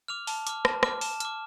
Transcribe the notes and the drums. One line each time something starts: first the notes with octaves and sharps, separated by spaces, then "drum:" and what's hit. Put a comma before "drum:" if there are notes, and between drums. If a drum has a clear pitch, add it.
D6 F6 F7
A5, drum: open hi-hat
D6 F6, drum: hi-hat
A5, drum: rim click
D6 F6, drum: rim click
A5 E7, drum: open hi-hat
D6 F6, drum: hi-hat